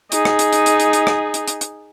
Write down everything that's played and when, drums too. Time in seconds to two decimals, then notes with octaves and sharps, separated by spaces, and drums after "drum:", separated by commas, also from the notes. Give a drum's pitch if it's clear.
0.12 D#4 G#4, drum: hi-hat
0.25 drum: rim click
0.39 drum: hi-hat
0.53 drum: hi-hat
0.66 drum: hi-hat
0.80 drum: hi-hat
0.93 drum: hi-hat
1.07 drum: rim click
1.34 drum: hi-hat
1.48 drum: hi-hat
1.61 drum: hi-hat